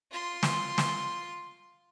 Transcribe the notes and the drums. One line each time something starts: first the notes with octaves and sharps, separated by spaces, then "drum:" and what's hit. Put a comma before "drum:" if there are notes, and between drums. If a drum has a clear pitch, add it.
F4 C6
drum: snare
drum: snare